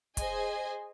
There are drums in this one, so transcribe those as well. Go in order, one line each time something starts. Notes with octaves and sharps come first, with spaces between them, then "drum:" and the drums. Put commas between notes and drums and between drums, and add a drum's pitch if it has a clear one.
G#4 C5 D#5 G#5, drum: kick, hi-hat